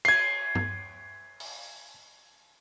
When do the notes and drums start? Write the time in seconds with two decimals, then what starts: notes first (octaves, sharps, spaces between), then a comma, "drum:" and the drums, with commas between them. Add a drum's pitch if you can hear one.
0.05 G#6 C7, drum: cymbal
0.55 drum: tom G2
1.40 drum: open hi-hat